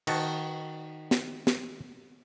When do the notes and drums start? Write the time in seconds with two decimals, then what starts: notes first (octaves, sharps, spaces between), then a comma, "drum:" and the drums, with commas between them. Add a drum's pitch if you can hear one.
0.07 D#3 F#4 A5, drum: cymbal
1.11 drum: snare
1.47 drum: snare